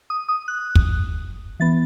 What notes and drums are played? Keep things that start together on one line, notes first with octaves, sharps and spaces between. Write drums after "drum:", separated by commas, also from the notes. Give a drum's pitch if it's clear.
D#6
D#6
F#6
drum: kick
E3 B3 A6